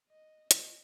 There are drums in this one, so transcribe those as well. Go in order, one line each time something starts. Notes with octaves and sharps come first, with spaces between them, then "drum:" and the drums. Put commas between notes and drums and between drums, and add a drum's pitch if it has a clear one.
D#5
D#5, drum: hi-hat